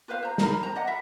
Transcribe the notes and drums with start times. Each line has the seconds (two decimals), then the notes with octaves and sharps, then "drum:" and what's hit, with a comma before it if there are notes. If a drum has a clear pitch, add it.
0.08 F4 B4 C5 F5
0.23 C5 A#5
0.38 D#4 A#4 B5, drum: snare
0.63 C5 A#5
0.76 D5 D#5 F#5
0.87 F4 E5 B5